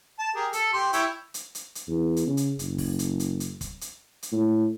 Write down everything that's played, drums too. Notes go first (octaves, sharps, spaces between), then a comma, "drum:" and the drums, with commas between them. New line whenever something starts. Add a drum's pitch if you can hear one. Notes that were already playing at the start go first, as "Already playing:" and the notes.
A5
G4 G#4 A#4
A4, drum: hi-hat
G4 C6
E4 C#5 G5, drum: hi-hat
drum: hi-hat
drum: hi-hat
drum: hi-hat
E2
drum: hi-hat
C#3
drum: hi-hat
F#1, drum: hi-hat
drum: kick, open hi-hat
drum: hi-hat
drum: hi-hat
drum: hi-hat
drum: kick, hi-hat
drum: hi-hat
drum: hi-hat
A2